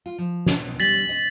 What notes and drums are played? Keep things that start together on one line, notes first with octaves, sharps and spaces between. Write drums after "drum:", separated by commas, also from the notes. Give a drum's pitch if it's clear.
F4
F3
B2, drum: snare
G3 A6 B6 F#7
D#5